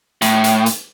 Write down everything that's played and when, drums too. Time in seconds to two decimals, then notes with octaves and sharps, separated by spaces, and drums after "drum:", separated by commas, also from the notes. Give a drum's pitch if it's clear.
0.22 A2, drum: hi-hat
0.44 drum: hi-hat
0.66 drum: hi-hat